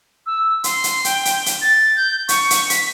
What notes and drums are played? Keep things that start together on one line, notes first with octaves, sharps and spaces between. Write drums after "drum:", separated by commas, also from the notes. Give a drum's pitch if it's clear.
E6
C6, drum: hi-hat
drum: hi-hat
G5, drum: hi-hat
drum: hi-hat
drum: hi-hat
A6
G6
C#6, drum: hi-hat
drum: hi-hat
B6, drum: hi-hat